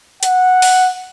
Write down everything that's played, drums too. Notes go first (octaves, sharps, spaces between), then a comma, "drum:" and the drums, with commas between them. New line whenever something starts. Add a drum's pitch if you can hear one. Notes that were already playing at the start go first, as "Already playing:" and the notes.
F#5, drum: hi-hat
drum: open hi-hat